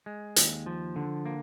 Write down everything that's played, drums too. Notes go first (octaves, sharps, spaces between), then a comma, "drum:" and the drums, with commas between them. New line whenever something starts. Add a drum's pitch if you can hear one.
G#3
D#2, drum: hi-hat
F3
D3
A#3